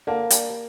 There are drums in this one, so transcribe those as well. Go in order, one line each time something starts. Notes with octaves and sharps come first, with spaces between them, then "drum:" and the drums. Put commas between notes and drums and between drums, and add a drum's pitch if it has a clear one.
D3 A#3
G3 D4, drum: hi-hat